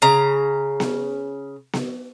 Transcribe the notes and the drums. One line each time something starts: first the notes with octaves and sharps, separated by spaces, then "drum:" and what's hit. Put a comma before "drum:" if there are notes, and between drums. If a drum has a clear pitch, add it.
C#3 A#5
drum: snare B3
drum: snare B3